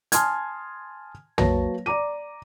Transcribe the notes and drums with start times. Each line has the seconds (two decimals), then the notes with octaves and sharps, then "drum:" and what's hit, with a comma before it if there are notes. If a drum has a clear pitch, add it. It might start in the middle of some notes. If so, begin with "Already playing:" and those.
0.12 G#5 A5 C6 D#6 F6 G#6, drum: hi-hat
1.38 F#3 A#3 B4 C#5 A5 A#6, drum: tom
1.86 D5 A#5 D6 D#7